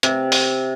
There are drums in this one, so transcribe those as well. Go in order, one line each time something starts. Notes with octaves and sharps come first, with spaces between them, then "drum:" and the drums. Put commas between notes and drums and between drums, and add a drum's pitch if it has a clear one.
C3, drum: hi-hat
drum: open hi-hat